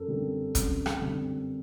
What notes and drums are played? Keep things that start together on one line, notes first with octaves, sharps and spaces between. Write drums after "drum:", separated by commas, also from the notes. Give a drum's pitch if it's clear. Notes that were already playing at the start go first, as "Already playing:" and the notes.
Already playing: F#2 A4 A#4
D3 G3 C4
F#2, drum: kick, hi-hat
drum: rim click
D3 G3 C4